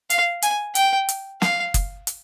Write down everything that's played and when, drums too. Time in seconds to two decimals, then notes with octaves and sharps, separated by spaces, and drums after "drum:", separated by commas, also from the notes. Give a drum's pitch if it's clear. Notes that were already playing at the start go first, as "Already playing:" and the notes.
0.10 F5, drum: hi-hat
0.42 G#5, drum: hi-hat
0.75 G5, drum: hi-hat
1.09 drum: hi-hat
1.42 F5, drum: snare
1.74 drum: kick F#1, hi-hat
2.07 drum: hi-hat